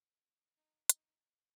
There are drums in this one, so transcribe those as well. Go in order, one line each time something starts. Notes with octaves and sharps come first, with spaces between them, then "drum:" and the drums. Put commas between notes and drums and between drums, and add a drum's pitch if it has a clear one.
D#4
D#4, drum: hi-hat